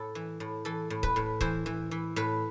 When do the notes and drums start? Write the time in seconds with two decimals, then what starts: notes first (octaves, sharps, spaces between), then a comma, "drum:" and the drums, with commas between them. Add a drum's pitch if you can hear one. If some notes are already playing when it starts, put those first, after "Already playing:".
Already playing: A2 A4
0.15 E3
0.40 A2
0.65 E3 A4
0.90 A2
1.03 B4, drum: kick C#1
1.16 A2
1.41 E3 C5, drum: kick C#1
1.66 E3
1.91 E3
2.16 A2 B4